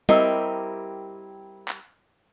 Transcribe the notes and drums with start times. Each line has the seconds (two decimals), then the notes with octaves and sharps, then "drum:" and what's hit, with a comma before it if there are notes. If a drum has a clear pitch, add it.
0.09 G3 C4 E4 G4 A#4 D#5, drum: tom
1.68 drum: clap